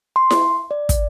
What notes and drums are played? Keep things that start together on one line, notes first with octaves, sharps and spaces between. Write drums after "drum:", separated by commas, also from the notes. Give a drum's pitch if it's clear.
C6
drum: snare E4
D5
drum: kick, hi-hat